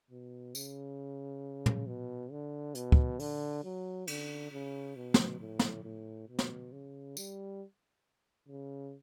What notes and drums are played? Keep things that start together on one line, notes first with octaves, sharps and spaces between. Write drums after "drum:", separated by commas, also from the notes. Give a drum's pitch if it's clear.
B2
C#3, drum: tambourine
drum: tom
B2
D3
B2, drum: hi-hat
drum: kick
D3, drum: open hi-hat
F#3
D3, drum: cymbal
C#3
B2
drum: snare
A2
drum: snare
A2
B2
drum: snare
C#3
G3, drum: tambourine
C#3